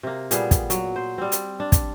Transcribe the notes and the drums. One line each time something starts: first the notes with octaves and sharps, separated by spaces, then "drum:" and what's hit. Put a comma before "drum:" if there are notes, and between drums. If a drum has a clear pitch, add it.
C3 A#3
A#2 G3 B3 G#4, drum: hi-hat
drum: kick, hi-hat
F#3, drum: hi-hat
C5
G3 C4
drum: hi-hat
D4
drum: kick, hi-hat